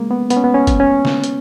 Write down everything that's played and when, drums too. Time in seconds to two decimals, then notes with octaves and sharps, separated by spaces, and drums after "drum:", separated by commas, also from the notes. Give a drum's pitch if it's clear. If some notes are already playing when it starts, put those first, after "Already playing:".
Already playing: G#3 A#3
0.11 B3
0.30 B3, drum: hi-hat
0.37 C#4
0.44 B3
0.54 C#4
0.67 drum: kick, hi-hat
0.80 C#4
1.05 drum: snare
1.24 drum: hi-hat